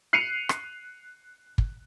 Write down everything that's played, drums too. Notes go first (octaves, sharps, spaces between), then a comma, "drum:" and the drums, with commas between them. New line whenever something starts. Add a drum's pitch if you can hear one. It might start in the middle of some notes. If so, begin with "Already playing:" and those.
F#6 C7 C#7 D#7 F7
drum: rim click
drum: kick